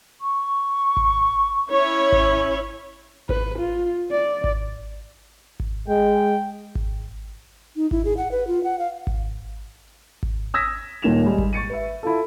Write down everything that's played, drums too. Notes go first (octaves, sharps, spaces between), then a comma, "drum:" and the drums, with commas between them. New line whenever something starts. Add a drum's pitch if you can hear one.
C#6
drum: kick G#1
C#4 E4 C#5
drum: kick G#1
B4, drum: kick G#1
F4
D5
drum: kick G#1
drum: kick G#1
G#3 G5
drum: kick G#1
D#4
E4, drum: kick G#1
G#4
F#5
B4
F4
F#5
F5
drum: kick G#1
drum: kick G#1
D#6 E6 G#6 A#6 B6
D#1 A#2 D#3 E7 F7
G3 G#3
drum: kick G#1
C#6 A6 C#7 D#7
B4 E5
E4 F4 A4